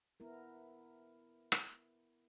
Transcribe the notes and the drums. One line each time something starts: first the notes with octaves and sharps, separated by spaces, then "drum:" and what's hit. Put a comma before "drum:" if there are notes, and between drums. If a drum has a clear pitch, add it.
B3 E4 A#4
drum: rim click